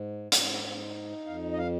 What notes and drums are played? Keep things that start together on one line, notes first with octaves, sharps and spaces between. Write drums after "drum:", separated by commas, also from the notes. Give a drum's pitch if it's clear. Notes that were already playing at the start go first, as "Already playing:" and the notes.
Already playing: G#2
G#2, drum: hi-hat
D#4
F2 F5
D#5
F5